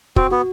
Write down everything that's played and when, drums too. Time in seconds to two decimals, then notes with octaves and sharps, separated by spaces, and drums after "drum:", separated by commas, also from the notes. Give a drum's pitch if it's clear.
0.16 C4 F#4, drum: kick
0.31 B3 F#4